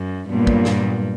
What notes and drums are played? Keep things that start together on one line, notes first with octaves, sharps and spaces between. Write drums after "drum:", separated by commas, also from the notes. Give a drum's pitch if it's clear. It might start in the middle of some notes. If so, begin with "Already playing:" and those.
Already playing: F#2
G2 A#2 F#3 B3
drum: kick
drum: snare